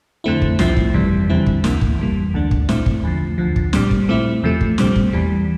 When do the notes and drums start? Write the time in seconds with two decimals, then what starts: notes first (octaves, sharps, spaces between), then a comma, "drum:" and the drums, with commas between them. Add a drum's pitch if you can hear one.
0.24 F2 D3 A3 C4 E4
0.42 drum: kick
0.59 C2 C3 F3 C4 E4, drum: snare
0.77 drum: kick
0.94 G1 F2 C3 E3 G3
1.30 E2 D3 G3 C4 E4
1.46 drum: kick
1.64 D2 C3 E3 A#3 E4, drum: snare
1.81 drum: kick
1.99 G1 F2 E3 G3 A#3
2.34 D2 D3 A3 D4
2.51 drum: kick
2.69 A#1 A#2 A3 C4 E4, drum: snare
2.86 drum: kick
3.04 E2 D3 F3
3.38 D2 D3 F3
3.56 drum: kick
3.73 A#2 G3 C4, drum: snare
3.91 drum: kick
4.09 A#2 A3 C4 E4
4.43 E2 C3 F3 A3
4.61 drum: kick
4.78 A#2 G3 C4, drum: snare
4.96 drum: kick
5.13 E2 E3 G3